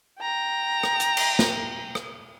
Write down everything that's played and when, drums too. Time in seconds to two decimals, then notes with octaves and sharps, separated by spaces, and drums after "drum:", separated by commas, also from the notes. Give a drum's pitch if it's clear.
0.20 G5 A#5
0.83 drum: rim click
1.00 drum: hi-hat
1.17 drum: cymbal
1.39 drum: snare
1.95 drum: rim click